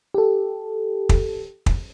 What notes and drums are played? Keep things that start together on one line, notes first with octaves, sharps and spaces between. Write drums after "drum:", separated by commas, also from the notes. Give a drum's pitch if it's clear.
G4 A4
drum: kick
drum: kick